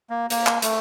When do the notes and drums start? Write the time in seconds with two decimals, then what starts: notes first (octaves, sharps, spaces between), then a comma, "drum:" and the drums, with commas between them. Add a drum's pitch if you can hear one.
0.10 A#3
0.30 A#3, drum: hi-hat
0.46 drum: clap
0.62 A3, drum: hi-hat